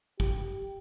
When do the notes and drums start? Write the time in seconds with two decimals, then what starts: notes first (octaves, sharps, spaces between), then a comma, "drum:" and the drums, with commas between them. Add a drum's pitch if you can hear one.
0.20 G4, drum: kick